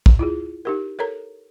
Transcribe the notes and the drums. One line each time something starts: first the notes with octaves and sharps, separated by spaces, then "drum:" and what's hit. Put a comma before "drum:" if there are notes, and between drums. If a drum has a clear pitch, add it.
drum: kick
E4 F4 G#4
D#4 G4 A#4
A4 A#4 C#5 A#5